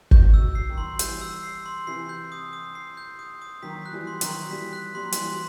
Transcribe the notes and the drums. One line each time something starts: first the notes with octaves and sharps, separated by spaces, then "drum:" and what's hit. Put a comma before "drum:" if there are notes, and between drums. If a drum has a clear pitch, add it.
D#4 F#4 G6, drum: kick G1
E6
C7
D#3 F#3
C6
E3 G3 G6, drum: hi-hat
E6
C7
C6
C3 E3 C7
G6
D#6
D#6
C7
G6
D#6
D#6
D#3 F#3 B6
F#6
E3 G3
C6
D#3 F#3, drum: hi-hat
C6
E3 G3 B6
F#6
G3 C6
F#3
E3 G3 C6, drum: hi-hat